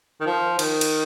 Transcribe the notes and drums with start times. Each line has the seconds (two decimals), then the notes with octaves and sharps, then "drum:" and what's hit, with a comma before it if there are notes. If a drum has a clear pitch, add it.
0.21 D#3
0.26 F3
0.59 D#3, drum: cymbal
0.81 drum: cymbal